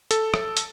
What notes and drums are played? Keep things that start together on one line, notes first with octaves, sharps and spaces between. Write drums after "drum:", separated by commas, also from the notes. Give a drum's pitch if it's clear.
A4, drum: hi-hat
drum: rim click
drum: hi-hat